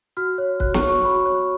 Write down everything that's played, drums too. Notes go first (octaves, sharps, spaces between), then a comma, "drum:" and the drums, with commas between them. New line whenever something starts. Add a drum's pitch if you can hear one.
F#4 F6
C#5
F#4 F#6, drum: kick C#1
C#6, drum: snare
C#5
C#6
F#4 B5
C#5